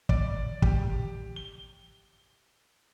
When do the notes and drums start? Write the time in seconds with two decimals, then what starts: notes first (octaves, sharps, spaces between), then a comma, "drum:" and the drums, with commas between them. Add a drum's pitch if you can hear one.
0.09 D5, drum: kick
0.62 G4, drum: kick
1.36 G7